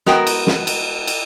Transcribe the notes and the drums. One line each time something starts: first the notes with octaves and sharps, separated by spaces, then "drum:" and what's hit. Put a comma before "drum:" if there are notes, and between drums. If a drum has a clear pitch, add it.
G#3 B3 F#4 A#4 G5, drum: snare
drum: cymbal
drum: snare
drum: cymbal
drum: cymbal